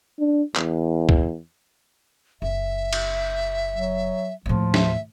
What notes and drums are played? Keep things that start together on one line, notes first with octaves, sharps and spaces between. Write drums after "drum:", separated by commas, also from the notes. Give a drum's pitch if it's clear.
D4
E2, drum: clap
drum: kick
F#1 E5
drum: cymbal
F#3
D#2 A2 F3
E5, drum: snare